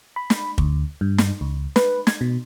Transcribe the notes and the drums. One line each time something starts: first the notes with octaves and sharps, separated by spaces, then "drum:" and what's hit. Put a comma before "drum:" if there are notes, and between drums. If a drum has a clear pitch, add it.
B5
drum: snare
D2, drum: kick
G2
drum: snare
C#2
B4, drum: snare
G#6, drum: snare
B2